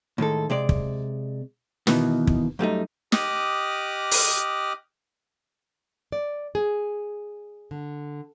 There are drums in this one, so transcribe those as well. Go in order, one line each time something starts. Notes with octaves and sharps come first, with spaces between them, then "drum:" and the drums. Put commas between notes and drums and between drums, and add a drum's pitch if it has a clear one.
A2 D#3 G#3 A4
C3 G#3 D5
drum: kick
B2 D#3 E3 B3, drum: snare
drum: kick
F#2 G3 A3 D#4
G4 D#5 D6 D#6 F6 F#6, drum: snare
drum: open hi-hat
D5
G#4
D3